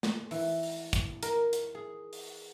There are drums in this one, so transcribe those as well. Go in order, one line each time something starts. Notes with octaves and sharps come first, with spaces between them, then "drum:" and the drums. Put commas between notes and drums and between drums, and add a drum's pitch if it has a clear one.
G#5, drum: snare
E3, drum: open hi-hat
drum: open hi-hat
drum: kick, hi-hat
A#4, drum: hi-hat
drum: hi-hat
G#4
drum: open hi-hat